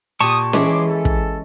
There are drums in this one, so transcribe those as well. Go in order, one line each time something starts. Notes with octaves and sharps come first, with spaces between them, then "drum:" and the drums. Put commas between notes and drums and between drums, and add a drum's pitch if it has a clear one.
A#2 G4 A5 C#6 D#6
E3 G#3 C#4 G#4 E5 C6 D6, drum: snare C#4
A4
drum: kick